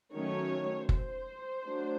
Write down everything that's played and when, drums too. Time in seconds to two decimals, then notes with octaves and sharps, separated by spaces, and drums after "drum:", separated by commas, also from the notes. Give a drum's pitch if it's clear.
0.12 D#3 F#3 A3 C#4 C#5
0.89 C5, drum: kick F#1
1.65 F#3 A3 D4